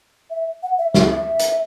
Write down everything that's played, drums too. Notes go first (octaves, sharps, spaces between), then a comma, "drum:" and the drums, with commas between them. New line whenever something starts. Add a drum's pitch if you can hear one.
E5
F#5
E5
E5, drum: snare
E5
drum: hi-hat